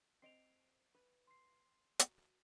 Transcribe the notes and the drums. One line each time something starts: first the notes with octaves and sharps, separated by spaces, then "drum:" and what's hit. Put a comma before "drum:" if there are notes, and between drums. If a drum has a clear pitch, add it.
C4 D#5 C7 D7 F7
B4
C6 C7
F#4 A#5, drum: hi-hat